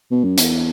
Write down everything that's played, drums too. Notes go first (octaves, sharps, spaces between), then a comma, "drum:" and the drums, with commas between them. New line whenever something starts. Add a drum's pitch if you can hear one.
B2
F#2
E2, drum: hi-hat